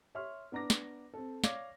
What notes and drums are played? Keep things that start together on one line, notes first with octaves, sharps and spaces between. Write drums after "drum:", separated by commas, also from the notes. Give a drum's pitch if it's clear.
C#5 E5 C6 C#6 F6
B3 D4 A#5 D6 A#6
drum: snare
C4 A4
C#5 D5 F5 D6 G#6 A#6, drum: snare